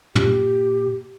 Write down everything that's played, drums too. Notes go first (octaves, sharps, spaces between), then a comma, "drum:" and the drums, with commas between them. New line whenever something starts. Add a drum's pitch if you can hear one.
A#2 G4, drum: tom